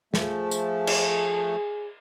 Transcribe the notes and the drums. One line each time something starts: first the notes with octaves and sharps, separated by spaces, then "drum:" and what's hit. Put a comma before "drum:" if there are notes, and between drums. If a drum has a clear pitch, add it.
F3 A3 G#4, drum: snare
drum: tambourine
drum: cymbal